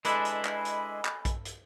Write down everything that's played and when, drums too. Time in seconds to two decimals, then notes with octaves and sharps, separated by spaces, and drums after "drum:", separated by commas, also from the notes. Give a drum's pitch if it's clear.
0.05 G#3 D4 E4 A4 B4 D#5 G#5 B5, drum: hi-hat
0.25 drum: hi-hat
0.45 drum: clap
0.65 drum: hi-hat
1.05 drum: clap
1.25 drum: kick A#1, hi-hat
1.45 drum: hi-hat